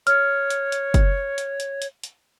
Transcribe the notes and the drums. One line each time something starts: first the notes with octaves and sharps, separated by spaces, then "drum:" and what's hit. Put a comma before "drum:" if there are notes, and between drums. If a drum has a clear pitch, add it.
C#5 F6, drum: hi-hat
drum: hi-hat
drum: hi-hat
drum: kick, hi-hat
drum: hi-hat
drum: hi-hat
drum: hi-hat
drum: hi-hat